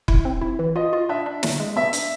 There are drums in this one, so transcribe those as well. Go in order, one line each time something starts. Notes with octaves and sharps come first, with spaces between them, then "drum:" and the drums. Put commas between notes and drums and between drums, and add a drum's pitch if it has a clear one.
E4, drum: kick
C4
E4
E3
F4 D#5
F4
D4 E5
D4
D4, drum: snare
G#3
B3 E5
D4, drum: hi-hat